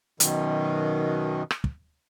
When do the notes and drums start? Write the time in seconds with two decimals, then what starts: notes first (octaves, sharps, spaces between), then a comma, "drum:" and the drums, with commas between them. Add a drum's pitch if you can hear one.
0.20 F#2 B2 D#3, drum: hi-hat
1.51 drum: rim click
1.64 drum: kick